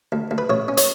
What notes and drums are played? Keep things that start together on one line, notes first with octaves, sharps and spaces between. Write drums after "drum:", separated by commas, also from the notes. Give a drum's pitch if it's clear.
D2
D2
B4
A1 C#5
C#4
C#5, drum: hi-hat